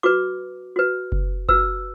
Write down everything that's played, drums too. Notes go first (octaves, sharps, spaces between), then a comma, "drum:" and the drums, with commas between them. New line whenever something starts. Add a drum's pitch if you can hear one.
F#4 B4 D6
F#4 B4
drum: kick F#1
F#4 B4 E6, drum: kick F#1